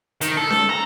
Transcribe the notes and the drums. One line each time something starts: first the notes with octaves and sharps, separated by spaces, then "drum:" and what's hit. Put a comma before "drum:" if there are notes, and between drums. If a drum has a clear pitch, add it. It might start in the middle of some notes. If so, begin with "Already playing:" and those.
D#3, drum: hi-hat
A4
drum: snare C#4
A#5